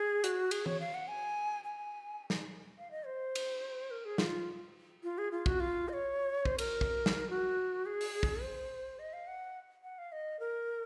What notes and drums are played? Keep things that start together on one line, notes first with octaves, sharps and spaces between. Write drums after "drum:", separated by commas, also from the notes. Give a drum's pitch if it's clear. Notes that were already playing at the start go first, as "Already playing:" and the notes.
Already playing: G#4
F#4, drum: hi-hat
G#4, drum: cymbal
C#5, drum: tom E3
F5
F#5
G#5
G#5
drum: snare
F5
D#5
C5
drum: cymbal
A#4
G#4
F4, drum: snare
F4
G#4
F4
F#4, drum: kick
F4
D#5
C#5
C5, drum: kick
A#4, drum: cymbal
drum: kick
drum: snare
F#4
G#4
drum: open hi-hat
drum: kick
C5
D#5
F5
F#5
F#5
F5
D#5
A#4